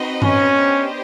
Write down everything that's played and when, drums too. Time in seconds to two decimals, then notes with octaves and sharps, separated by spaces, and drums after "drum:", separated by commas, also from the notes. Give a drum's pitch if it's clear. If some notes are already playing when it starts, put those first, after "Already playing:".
Already playing: C4 D#4 F#4 B4 D#5
0.22 C#4, drum: tom G2
0.56 B3 D4 G4 C5 D#5